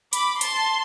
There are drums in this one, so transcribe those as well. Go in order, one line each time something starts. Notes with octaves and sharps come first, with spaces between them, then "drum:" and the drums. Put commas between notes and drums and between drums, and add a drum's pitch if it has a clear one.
B5 D6, drum: hi-hat
A5 C6, drum: hi-hat